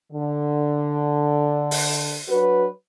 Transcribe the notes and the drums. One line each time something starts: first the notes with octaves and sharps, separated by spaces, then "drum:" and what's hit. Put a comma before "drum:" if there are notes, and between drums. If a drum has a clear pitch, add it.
D3
drum: open hi-hat
F#3 D4 F#4 B4